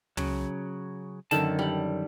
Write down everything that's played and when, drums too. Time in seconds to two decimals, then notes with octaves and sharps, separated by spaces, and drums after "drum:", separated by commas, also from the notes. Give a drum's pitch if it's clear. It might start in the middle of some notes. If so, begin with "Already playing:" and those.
0.17 C#3 F#3, drum: tom
1.31 F#2 D3 D#3 A4 A5, drum: snare
1.59 G3 F#5